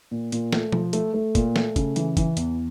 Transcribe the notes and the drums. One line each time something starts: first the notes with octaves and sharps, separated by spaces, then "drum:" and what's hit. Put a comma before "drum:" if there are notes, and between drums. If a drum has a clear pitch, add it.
A#2
A#2, drum: hi-hat
A3, drum: snare
F3, drum: tom B2
A3, drum: hi-hat
A3
A#2, drum: kick, hi-hat
A3, drum: snare
C#3, drum: kick, hi-hat
E3, drum: hi-hat
E3, drum: kick, hi-hat
E2, drum: hi-hat